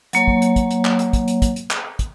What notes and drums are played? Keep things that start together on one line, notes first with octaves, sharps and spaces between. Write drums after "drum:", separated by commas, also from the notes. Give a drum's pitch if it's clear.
F#3 A#3 C#5, drum: hi-hat
drum: kick
drum: hi-hat
drum: kick, hi-hat
drum: hi-hat
drum: clap
drum: hi-hat
drum: kick, hi-hat
drum: hi-hat
drum: kick, hi-hat
drum: hi-hat
drum: clap
drum: kick, hi-hat